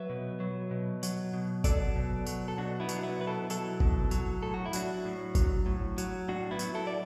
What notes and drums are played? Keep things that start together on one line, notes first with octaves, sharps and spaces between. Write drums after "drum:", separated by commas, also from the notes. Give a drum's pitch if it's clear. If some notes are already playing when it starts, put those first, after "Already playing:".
Already playing: F#3 B4 E5
B2
F#3
B2
F#3, drum: tambourine
B2
F#3 A4 D5, drum: kick G1, tambourine
B2
F#3, drum: tambourine
A4
B2 D4 F#4
B3 E4
F#3, drum: tambourine
D4
B3 E4
B2 B4
E4 A4
F#3 E4 A4, drum: tambourine
B2, drum: kick G1
F#3, drum: tambourine
A2 A4
F#4
E4
F#3 D4 F#4, drum: tambourine
A2
F#3, drum: kick G1, tambourine
A2
F#3, drum: tambourine
A2 D4 F#4
B3 E4
F#3, drum: tambourine
E4 A4
D5